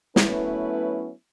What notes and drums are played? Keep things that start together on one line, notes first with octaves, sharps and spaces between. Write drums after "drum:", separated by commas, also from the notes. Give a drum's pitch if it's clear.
F#3 A3 B3 C#4 E4 B4, drum: snare